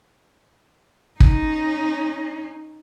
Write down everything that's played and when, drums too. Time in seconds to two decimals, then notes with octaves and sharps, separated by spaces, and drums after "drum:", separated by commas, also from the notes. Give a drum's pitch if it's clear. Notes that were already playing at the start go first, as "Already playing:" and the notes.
1.20 C#4 D#4, drum: kick